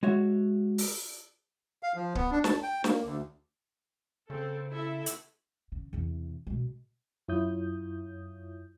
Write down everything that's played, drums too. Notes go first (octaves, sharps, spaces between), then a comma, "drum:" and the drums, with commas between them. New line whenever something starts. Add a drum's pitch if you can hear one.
G#3 F#4 C#5 E5
drum: open hi-hat
F5
F3
B3, drum: kick C#1
D4
A5, drum: snare
G5
A#3, drum: snare
D2
C#3 C4 A4
E4 A4 E5
drum: hi-hat
C#3
E2 C3
B2 G#3
F#2 E4 F4 C#5 D#6 G6